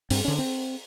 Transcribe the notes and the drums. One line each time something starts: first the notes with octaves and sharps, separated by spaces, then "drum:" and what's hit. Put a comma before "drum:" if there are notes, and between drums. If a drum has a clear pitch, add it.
G2 C4, drum: open hi-hat
D3 C#4
C4